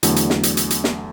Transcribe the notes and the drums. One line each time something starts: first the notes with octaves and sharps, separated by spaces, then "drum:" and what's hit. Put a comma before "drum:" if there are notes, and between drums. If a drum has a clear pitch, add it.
E2 D3 F#3 A3, drum: hi-hat
drum: hi-hat
drum: snare
drum: hi-hat
drum: hi-hat
drum: hi-hat
drum: snare